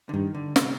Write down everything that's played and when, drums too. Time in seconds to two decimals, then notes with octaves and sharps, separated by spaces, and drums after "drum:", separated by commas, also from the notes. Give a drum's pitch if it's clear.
0.09 D3
0.13 G2 D#3
0.35 D3
0.56 C3, drum: snare